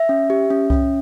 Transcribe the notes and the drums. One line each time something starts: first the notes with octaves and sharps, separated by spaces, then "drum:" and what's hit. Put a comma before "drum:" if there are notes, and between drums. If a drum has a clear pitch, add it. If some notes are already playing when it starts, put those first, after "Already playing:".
Already playing: E5
C#4
G4
C#4
C#4, drum: kick C2